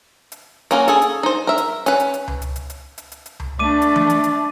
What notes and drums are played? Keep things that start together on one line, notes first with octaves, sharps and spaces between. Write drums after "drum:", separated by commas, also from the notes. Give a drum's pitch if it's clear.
drum: hi-hat
A#3 C#4 F#4 A#4, drum: hi-hat
G#4 A4, drum: hi-hat
drum: hi-hat
D#4 C5
A#4 E5
drum: hi-hat
C#4 B4, drum: hi-hat
drum: hi-hat
drum: hi-hat
drum: tom C#2
drum: hi-hat
drum: hi-hat
drum: hi-hat
drum: hi-hat
drum: hi-hat
drum: hi-hat
drum: tom C#2
A3 D4 D6 D#7
drum: hi-hat
drum: tom E3
drum: hi-hat
drum: hi-hat